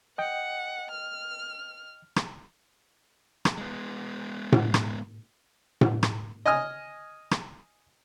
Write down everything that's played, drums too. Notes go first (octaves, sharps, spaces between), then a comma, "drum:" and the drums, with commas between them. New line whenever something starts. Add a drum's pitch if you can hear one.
D#5 F#5 G5
F6
drum: rim click
drum: rim click
G#3 B3
drum: tom A2
drum: rim click
drum: tom A2
drum: rim click
D#5 G#5 D#6 F6
drum: rim click